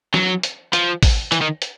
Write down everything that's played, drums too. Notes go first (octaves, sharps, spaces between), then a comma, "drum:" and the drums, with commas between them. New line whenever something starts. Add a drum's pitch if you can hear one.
F#3, drum: snare
drum: hi-hat
F3, drum: hi-hat
drum: kick A1, open hi-hat
E3, drum: hi-hat
D#3
drum: hi-hat